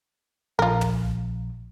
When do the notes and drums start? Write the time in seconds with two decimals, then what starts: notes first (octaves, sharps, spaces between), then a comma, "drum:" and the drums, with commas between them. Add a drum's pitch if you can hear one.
0.59 A#1 F4 A#4
0.81 drum: tom